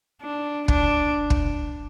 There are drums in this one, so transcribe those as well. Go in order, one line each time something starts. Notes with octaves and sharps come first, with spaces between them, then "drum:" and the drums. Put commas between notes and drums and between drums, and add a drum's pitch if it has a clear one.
D4
D4, drum: kick
drum: kick